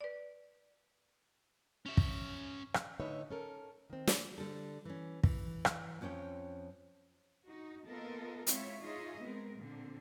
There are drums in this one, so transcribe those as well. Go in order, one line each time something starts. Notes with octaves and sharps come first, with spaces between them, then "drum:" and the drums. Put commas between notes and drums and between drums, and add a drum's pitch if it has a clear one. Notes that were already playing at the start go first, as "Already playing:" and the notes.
B4 D5
C#4 E5
drum: kick
drum: rim click
A2 D3 D#4 B4 C#5 E5
C#4 A4 A#4
D#3 C4
drum: snare
D3 G3 A4
E3 C#4
E3, drum: kick
drum: rim click
F2 F3 C#4 C#5 G5
D#4 F#4
A#3 B3 F4 A4 A#4 D#5
G#3 C4 E4 F4 C#5 E5, drum: hi-hat
D#4 F4 G#4 C#5 D#5 E5
G#3 B3 C4 A#4
A#2 D3 C4